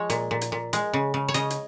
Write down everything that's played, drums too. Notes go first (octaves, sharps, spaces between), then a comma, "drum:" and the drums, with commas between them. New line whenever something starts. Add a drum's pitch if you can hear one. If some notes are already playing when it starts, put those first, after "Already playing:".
Already playing: F3 G#3 C#5
A#2, drum: hi-hat
A#2
drum: hi-hat
A#2
G#3, drum: hi-hat
C#3
C#3
C#5
C#3 D#5, drum: hi-hat
drum: hi-hat